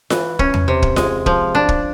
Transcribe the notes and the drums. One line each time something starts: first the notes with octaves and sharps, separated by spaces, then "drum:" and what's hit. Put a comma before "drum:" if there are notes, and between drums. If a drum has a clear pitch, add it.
E3, drum: snare F4
C#4, drum: kick
drum: tom E2
C3
drum: kick
G#3, drum: snare F4
F3, drum: kick
D4
drum: kick